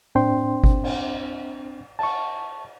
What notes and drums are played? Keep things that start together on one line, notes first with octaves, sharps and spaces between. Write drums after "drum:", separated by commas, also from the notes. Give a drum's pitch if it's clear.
C4 D4 C5 G5 C6, drum: tom A2
drum: kick G1
drum: cymbal
A5 C#6, drum: cymbal